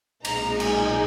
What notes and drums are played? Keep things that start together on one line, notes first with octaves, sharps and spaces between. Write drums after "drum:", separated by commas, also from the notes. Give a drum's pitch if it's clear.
B1 A#2 G#3 D#4 A#5, drum: cymbal
G#5, drum: cymbal